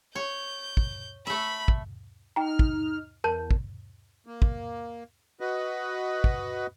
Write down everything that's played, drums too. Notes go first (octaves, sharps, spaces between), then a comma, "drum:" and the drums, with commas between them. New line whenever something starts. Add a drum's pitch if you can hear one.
C#5 G6
drum: kick
A3 E5 B5
drum: kick
D#4 G5 A#5 F6
drum: kick
E2 A#4 A5 G6
drum: kick
A#3
drum: kick
F#4 B4 D#5
drum: kick